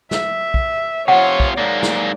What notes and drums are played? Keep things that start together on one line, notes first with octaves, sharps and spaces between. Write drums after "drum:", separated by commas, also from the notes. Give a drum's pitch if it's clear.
E5, drum: snare
drum: kick
C3 F4 C#5 F#5
drum: kick
G#2 A#3 D5
drum: snare